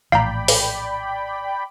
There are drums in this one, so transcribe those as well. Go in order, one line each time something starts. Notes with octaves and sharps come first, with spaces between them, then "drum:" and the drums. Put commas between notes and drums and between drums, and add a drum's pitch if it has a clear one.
A#1 A2 E3 D5 F5 G5 A#5 B5
drum: open hi-hat